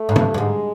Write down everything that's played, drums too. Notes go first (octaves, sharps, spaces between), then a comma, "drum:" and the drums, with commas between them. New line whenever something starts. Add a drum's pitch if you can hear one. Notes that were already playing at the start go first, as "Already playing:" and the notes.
Already playing: A3
G#2
G2, drum: tom
G2
G#2 G#3